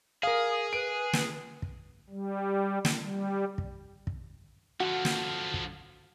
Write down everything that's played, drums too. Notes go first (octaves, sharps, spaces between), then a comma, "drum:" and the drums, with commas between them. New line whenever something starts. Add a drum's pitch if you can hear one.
G#4 A#4 F5 D#6
B4 D7
drum: snare
drum: kick
G3
drum: snare
G3
drum: kick
drum: kick
D3 F3 F#4
drum: snare
drum: kick